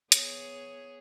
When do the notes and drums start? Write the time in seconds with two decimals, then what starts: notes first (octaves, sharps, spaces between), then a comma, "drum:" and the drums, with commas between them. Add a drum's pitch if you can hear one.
0.12 B3 G#4 C#5, drum: hi-hat